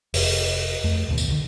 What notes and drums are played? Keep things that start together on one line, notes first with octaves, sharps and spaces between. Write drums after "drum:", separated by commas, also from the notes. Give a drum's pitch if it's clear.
F1, drum: open hi-hat
F2 A3
A1 D#2 B2 D#3
drum: tambourine
C2 D3 D#3